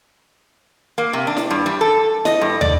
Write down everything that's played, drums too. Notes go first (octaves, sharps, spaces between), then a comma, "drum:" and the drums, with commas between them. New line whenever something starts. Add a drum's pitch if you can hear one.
A#3
C3
D4
drum: snare E4
G2
G3
A4
D#5, drum: snare E4
G2
D5, drum: tom